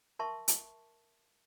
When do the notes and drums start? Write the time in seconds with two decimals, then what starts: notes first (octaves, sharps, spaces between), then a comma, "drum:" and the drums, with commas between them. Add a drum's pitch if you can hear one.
0.19 A#4 E5 A5 C6 C#6
0.48 drum: hi-hat